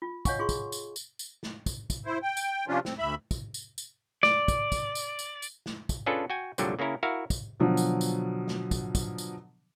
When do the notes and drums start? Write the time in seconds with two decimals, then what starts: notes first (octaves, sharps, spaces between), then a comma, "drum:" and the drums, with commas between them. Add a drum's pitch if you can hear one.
0.02 F4
0.25 C#5 D#5 F5 F#5 G#5 C#6, drum: kick, tambourine
0.39 F4 G#4 C6 C#6
0.49 drum: kick, tambourine
0.72 drum: tambourine
0.96 drum: tambourine
1.19 drum: tambourine
1.43 drum: snare
1.66 drum: kick, tambourine
1.90 drum: kick, tambourine
2.06 E4 C5
2.22 G5
2.37 drum: tambourine
2.68 C3 F3 C#4 D4 F4
2.85 C4, drum: snare
2.98 D2 E5 B5
3.31 drum: kick, tambourine
3.54 drum: tambourine
3.78 drum: tambourine
4.23 D5, drum: snare
4.48 drum: kick, tambourine
4.72 drum: kick, tambourine
4.95 drum: tambourine
5.19 drum: tambourine
5.42 drum: tambourine
5.66 drum: snare
5.89 drum: kick, tambourine
6.06 C#4 D4 F4 G#4 A4 B4
6.30 F#4 G5 G#5
6.58 C2 F2 A#2 D3 F#3 G3, drum: tambourine
6.79 C#3 A#3 C#4 E4 A#4
7.03 E4 F#4 A#4 E5 F5
7.30 drum: kick, tambourine
7.60 B2 D3 F3 F#3
7.77 drum: tambourine
8.01 drum: tambourine
8.48 drum: snare
8.71 drum: kick, tambourine
8.95 drum: kick, tambourine
9.18 drum: tambourine